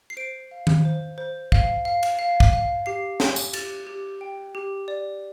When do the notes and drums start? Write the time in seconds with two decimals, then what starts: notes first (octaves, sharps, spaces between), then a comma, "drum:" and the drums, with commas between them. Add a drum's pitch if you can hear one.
0.10 C7
0.17 C5 D7
0.51 F5
0.67 drum: tom D#3
0.85 C5
1.18 C5
1.52 F5, drum: kick
1.85 F5
2.03 drum: cymbal
2.19 F5
2.40 drum: kick
2.53 F5
2.86 G4 C7
3.20 G4, drum: snare
3.36 drum: tambourine
3.53 G4 A6, drum: cymbal
3.87 G4
4.21 G5
4.55 G4
4.88 D5